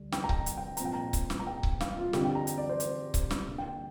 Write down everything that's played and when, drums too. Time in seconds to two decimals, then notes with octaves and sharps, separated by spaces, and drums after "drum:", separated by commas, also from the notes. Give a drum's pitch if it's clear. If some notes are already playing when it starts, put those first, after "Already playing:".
Already playing: D2 D3 G3
0.12 G5, drum: snare
0.24 A#5
0.29 G5, drum: kick C#1
0.46 drum: hi-hat
0.57 G5
0.77 A#2 F3 C4 A#5, drum: hi-hat
0.85 G5
0.93 A#5
1.13 drum: kick C#1, hi-hat
1.30 drum: snare
1.39 A#5
1.47 G5
1.63 drum: kick C#1
1.81 F5, drum: snare
1.97 F4
2.13 F2 D3 F3 C4 G4, drum: snare
2.25 G5
2.35 A#5
2.47 drum: hi-hat
2.58 D5
2.69 C5
2.80 C5, drum: hi-hat
3.14 drum: kick C#1, hi-hat
3.31 drum: snare
3.47 D2 D3 A#3
3.58 G5